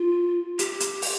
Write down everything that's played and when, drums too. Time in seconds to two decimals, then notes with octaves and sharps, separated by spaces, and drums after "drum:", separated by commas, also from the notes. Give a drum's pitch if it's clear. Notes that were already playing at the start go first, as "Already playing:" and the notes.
Already playing: F4
0.59 G4, drum: hi-hat
0.80 drum: hi-hat
1.02 drum: open hi-hat